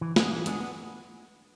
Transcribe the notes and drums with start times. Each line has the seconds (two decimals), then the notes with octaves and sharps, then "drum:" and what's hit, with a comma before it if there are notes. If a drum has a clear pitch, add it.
0.01 E3
0.16 G#3 B3 D4 G#4, drum: snare
0.31 E3
0.46 G#3 B3 D4 G#4, drum: hi-hat
0.60 B3